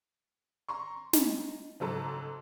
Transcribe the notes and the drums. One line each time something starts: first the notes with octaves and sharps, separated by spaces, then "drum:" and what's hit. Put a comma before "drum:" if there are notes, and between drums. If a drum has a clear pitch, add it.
A#5 C6 C#6
D#4, drum: snare
F#1 G#2 F#3 A4 A5 A#5